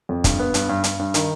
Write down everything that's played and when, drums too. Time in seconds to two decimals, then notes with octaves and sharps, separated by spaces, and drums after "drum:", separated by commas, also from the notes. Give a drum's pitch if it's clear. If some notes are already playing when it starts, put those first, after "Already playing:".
0.09 F2
0.24 G2, drum: kick, hi-hat
0.39 B3
0.54 G2, drum: hi-hat
0.69 G2
0.84 G2, drum: hi-hat
0.99 G2
1.14 D#3, drum: hi-hat